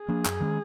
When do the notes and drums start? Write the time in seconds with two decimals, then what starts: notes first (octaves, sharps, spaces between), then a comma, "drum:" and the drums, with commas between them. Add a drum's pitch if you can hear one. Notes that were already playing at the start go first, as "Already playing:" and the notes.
Already playing: G#4
0.08 F3 A#3 D4
0.25 F#2, drum: clap
0.40 D#3 G#3 C#4